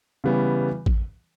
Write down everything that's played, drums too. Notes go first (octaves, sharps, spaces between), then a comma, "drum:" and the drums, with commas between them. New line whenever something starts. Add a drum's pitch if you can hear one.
C#3 E3 G3 B3
drum: kick A1